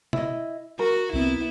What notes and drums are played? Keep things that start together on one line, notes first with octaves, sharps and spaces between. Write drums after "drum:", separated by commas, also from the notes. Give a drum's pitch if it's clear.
E4 D#5, drum: tom B2
F#4 A#4
C2 B3 C4 E4